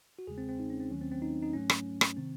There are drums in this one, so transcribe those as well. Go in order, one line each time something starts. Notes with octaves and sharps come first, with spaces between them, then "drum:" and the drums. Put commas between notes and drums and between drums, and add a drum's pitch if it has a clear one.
F#4
E2 C#3 G#3 G#4
C4
C4
D#4
C#4
C4
D#2 D#3 F#3 A3 C#4
C4
C4
D#4
D#4
G#2 F#3 A3 C#4
drum: rim click
drum: rim click
C3 D#3 C4